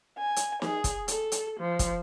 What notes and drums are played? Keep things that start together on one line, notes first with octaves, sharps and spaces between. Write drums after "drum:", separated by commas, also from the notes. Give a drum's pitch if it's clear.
G#5
drum: hi-hat
G#4, drum: snare
drum: kick, hi-hat
A4, drum: hi-hat
drum: hi-hat
F3
drum: kick, hi-hat